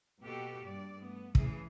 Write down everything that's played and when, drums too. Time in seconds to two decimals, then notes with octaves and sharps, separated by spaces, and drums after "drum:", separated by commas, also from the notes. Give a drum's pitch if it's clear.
0.22 B2 A#3 F#4 G4 A4
0.63 G2 D5
0.97 A3 B3
1.35 C#3 E3 A3 G#4, drum: kick